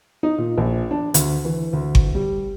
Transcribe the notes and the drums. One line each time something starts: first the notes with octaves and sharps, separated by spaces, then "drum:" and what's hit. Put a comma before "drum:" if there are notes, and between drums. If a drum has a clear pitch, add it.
D#4
A#2
A#1
D4
D2, drum: hi-hat
E3
D2
drum: kick G1
G3